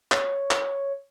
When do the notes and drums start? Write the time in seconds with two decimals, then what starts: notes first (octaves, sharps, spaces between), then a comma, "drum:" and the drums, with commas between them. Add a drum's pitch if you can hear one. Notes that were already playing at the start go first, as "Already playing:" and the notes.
0.12 C#5, drum: clap
0.51 drum: clap